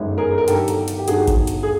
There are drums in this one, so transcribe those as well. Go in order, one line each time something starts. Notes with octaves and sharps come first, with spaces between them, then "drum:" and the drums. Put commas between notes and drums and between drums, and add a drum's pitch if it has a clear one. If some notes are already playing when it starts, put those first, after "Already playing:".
Already playing: G1 F#2 D#3 G#3
G#4 A#4
A#4
G1 G2 D#3 F#3 G4 A4, drum: hi-hat
drum: hi-hat
drum: hi-hat
G4
G1 G2 D#3 F#3 F#4 G#4, drum: hi-hat
drum: kick G#1, hi-hat
drum: hi-hat
G#4